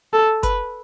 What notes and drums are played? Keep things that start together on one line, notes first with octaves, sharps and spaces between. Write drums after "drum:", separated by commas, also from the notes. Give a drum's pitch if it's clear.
A4
B4, drum: kick F#1, hi-hat